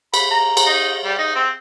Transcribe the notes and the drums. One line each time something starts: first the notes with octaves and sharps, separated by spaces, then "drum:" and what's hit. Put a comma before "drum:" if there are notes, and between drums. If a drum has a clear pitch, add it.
B5, drum: cymbal
A#5
drum: cymbal
D#4
G3
D#4
C4